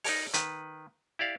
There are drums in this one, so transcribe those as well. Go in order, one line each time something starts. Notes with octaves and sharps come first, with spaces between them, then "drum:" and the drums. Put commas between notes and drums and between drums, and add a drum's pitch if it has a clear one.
D#4 A#4 C#5, drum: open hi-hat
D#3 B4, drum: hi-hat
E4 G4 D5 F5